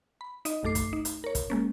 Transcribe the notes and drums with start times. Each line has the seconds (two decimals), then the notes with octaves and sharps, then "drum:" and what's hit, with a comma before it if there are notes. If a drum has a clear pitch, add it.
0.21 B5
0.45 D#4 D#5, drum: hi-hat
0.63 A#1 F#2 A3 A4 D6 C7
0.75 drum: kick, hi-hat
0.93 D#4
1.05 drum: hi-hat
1.24 A#4 C#5
1.35 drum: kick, hi-hat
1.50 G#3 A#3 C#4